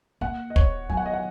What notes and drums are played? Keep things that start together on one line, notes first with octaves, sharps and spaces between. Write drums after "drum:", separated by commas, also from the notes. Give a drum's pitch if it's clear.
A#3 F#5
D#5
C#5, drum: kick
F#3 G#5
F#5
D#5
F#5